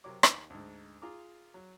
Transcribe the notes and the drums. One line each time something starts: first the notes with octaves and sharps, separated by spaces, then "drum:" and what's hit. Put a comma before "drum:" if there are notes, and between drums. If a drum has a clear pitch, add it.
C3 F#3 A#4 C#5 D6
D#2, drum: rim click
D2 G#2
F4 G#4 A#5 D6
F#3